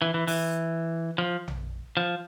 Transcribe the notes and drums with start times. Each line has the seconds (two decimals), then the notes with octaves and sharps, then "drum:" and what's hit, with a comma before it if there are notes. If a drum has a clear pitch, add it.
0.02 E3
0.14 E3
0.27 E3, drum: open hi-hat
1.18 F3
1.48 drum: tom A#1
1.97 F3